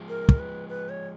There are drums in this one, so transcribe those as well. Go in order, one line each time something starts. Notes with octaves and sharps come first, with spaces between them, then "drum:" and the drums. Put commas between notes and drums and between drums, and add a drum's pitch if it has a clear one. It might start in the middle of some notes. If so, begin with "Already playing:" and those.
Already playing: F3 G#3
A#4
drum: kick
B4
B4
C#5